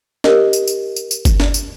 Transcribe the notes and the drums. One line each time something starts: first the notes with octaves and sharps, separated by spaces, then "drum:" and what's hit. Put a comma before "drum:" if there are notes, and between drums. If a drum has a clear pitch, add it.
G4 A#4 D#5, drum: snare
drum: tambourine
drum: tambourine
drum: tambourine
drum: tambourine
drum: kick G1, tambourine
drum: snare
drum: tambourine